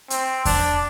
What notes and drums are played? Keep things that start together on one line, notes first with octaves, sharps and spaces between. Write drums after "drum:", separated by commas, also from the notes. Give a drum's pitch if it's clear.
C4, drum: hi-hat
D4, drum: kick E2, open hi-hat